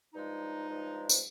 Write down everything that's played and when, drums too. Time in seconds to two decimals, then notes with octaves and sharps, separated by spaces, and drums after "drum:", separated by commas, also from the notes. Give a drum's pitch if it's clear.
0.14 G2 F3 G#3 D#4
0.68 G2 F3 G#3
1.09 C4, drum: tambourine